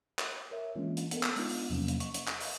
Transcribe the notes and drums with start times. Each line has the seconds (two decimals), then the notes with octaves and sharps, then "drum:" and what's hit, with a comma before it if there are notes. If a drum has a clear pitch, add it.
0.19 drum: clap
0.51 A#4 C#5 E5
0.75 E3 G#3 A#3 C#4 D4 F4
0.97 drum: hi-hat
1.11 B3 A4 A#4, drum: hi-hat
1.23 drum: clap
1.36 G#3 B3 D4 D#4 F4, drum: open hi-hat
1.49 drum: open hi-hat
1.70 E2 C3 F3 F#3 A#3 C#4
1.88 drum: hi-hat
2.00 C#6, drum: hi-hat
2.14 drum: hi-hat
2.27 drum: clap
2.40 drum: open hi-hat